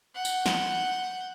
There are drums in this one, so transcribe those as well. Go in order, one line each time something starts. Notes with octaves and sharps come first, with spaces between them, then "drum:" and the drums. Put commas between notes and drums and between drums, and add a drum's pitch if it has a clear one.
F#5 G6
drum: tambourine
drum: snare